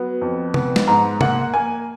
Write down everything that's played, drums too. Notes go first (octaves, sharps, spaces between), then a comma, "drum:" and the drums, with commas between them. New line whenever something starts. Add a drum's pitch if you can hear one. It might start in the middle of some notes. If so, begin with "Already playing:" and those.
Already playing: F#3 B3
F2
B3, drum: tom
drum: snare
G#2 A#5
A#3 F#5, drum: tom
A#3 G#5